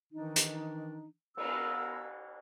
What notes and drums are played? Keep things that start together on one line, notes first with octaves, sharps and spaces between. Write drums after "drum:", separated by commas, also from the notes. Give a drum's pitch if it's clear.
D#3 E3 D4 D#4
drum: hi-hat
B3 A#4 A#5 E6, drum: cymbal